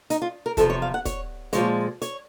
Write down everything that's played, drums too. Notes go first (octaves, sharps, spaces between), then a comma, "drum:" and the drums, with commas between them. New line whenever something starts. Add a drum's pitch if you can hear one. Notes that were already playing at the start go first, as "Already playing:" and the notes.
D#4, drum: hi-hat
F4
A#4
E2 C3 F3 A4, drum: kick, hi-hat
C#5
F5
F#5
C#5, drum: kick, hi-hat
A#2 F3 G#3 C#5, drum: hi-hat
C#5, drum: hi-hat